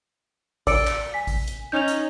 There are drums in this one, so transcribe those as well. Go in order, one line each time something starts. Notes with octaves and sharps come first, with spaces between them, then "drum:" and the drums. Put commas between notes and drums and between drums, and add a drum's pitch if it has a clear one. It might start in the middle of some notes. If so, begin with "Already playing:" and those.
D5 E6 C#7 D7, drum: kick A1, open hi-hat
drum: clap
G#5 B6
drum: kick A1, open hi-hat
drum: hi-hat
C#4 D#4 G6 F7
drum: hi-hat